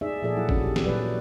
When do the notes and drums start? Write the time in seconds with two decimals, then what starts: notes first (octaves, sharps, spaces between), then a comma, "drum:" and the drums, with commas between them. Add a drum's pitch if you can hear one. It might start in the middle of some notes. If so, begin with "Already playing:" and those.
0.01 D#4 G#4 D5 E5
0.22 A#2 F3 G#4 A4 D5
0.37 F#3 E4 F#5
0.49 A#3 C#4 D4, drum: kick
0.63 G4
0.76 drum: snare
0.86 A#2 F#3 G3 B4 D5